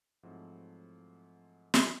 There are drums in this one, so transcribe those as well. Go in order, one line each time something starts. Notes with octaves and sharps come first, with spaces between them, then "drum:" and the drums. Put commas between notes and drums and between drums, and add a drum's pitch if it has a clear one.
G#2 F3 F#3 A3 C4 E4
drum: snare